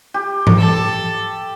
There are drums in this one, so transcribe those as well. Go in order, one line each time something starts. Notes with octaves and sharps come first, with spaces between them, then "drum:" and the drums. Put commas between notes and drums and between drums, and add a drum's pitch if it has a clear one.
G4
drum: tom G#2
A4